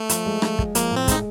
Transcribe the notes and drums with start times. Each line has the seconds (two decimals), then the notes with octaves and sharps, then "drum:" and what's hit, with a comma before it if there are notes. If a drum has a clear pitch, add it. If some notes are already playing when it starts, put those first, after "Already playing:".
Already playing: A3
0.09 F3, drum: hi-hat
0.26 G#3
0.42 F3, drum: rim click
0.59 G#3, drum: kick
0.75 F3 A#3, drum: hi-hat
0.91 A2
0.96 C4
1.08 G#3 D#4, drum: kick, hi-hat